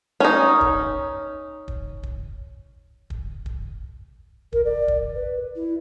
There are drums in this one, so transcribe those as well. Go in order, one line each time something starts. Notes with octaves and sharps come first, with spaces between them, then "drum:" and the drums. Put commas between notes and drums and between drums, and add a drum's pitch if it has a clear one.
C#4 D#4
drum: kick
drum: kick
drum: kick
drum: kick
drum: kick
A#4, drum: kick
D5
drum: kick
B4
E4